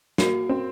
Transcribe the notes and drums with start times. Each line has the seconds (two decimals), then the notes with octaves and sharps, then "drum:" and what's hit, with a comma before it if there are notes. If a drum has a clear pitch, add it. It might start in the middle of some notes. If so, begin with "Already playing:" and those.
0.18 A#3 F#4, drum: snare
0.49 C4